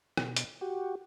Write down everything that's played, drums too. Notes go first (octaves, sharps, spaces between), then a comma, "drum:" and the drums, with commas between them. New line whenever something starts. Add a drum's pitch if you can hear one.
B2, drum: rim click
drum: hi-hat
F#4 G4